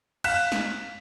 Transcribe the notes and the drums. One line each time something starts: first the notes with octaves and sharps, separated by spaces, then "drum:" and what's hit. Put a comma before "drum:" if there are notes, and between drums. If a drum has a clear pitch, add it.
F5 F#6 B6 E7, drum: cymbal
drum: snare